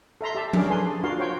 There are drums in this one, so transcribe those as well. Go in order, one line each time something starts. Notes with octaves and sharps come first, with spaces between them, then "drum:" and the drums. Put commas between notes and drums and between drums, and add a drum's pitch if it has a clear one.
A4 E5 A#5 C6
G4 E5 A5
C#4 D4 G#4 A#4 D5, drum: tom F3
G#4 A4 B4 G#5 C6
D4 F4 F#4 A#4 F5 C6
F#4 C5 C#5 G5 C6